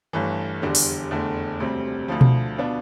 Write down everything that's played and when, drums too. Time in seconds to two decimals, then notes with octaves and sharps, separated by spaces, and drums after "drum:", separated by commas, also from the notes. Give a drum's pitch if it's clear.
0.13 G1 G2 E3 A3
0.62 F1 E2 D3 G3
0.75 drum: open hi-hat
1.11 F1 E2 D3 A3
1.59 E1 D2 C3 G3 C4
2.08 D2 D3 F3
2.21 drum: tom B2
2.57 B2 B3 D4 F4